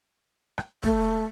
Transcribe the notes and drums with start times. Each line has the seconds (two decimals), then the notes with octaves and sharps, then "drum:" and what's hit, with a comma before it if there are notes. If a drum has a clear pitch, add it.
0.58 drum: rim click
0.83 A3, drum: kick